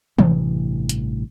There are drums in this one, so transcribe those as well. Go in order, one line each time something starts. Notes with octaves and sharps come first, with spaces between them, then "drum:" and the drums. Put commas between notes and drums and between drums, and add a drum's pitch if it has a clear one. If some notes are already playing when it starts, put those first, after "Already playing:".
A1 G2 C3 E3, drum: tom
drum: hi-hat